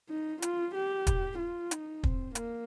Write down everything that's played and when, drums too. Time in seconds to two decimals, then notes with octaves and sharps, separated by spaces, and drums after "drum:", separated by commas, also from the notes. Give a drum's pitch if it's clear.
0.10 D#4
0.42 F4, drum: hi-hat
0.75 G4
1.07 drum: kick, hi-hat
1.39 F4
1.71 D#4, drum: hi-hat
2.03 C4, drum: kick
2.35 A#3, drum: hi-hat